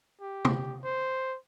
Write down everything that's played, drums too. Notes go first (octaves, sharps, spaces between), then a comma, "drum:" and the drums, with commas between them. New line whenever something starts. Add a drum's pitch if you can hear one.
G4
drum: tom
C5